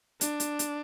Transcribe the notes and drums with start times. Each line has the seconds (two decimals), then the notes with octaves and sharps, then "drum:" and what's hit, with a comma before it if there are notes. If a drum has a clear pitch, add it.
0.21 D4, drum: hi-hat
0.40 drum: hi-hat
0.59 drum: hi-hat